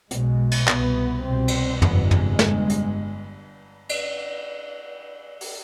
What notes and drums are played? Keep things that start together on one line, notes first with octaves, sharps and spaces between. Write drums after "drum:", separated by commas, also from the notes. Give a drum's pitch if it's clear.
B1 B2 G#3, drum: hi-hat
drum: cymbal
C2 B2 B3, drum: clap
C2 B2 C4
drum: cymbal
G1 F2 C3 B3, drum: tom
G#3, drum: tom
G1 G2, drum: snare
drum: hi-hat
drum: cymbal
drum: open hi-hat